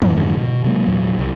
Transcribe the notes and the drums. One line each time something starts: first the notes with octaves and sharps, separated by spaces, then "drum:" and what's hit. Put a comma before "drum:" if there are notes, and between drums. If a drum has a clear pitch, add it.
F#2 A2, drum: tom
F2 G#2 D3 G#3
B2
C3 F#3 G#3 A#3
E2 A#2 F#3
C2